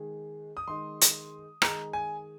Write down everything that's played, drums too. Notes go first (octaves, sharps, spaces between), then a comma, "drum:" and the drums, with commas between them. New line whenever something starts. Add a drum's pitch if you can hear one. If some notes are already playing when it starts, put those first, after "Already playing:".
Already playing: D#3 G#3 D#4 G#4
D#6
D#3 G#3 D#4 G#4 C6
drum: hi-hat
D#3 G#3 D#4 G#4 A#5, drum: rim click
G#5